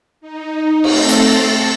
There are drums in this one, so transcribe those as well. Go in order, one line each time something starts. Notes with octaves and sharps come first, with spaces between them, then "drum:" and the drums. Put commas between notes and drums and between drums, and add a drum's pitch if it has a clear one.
D#4
A3 C4 A4 A6 A#6 C7, drum: cymbal
drum: hi-hat
A5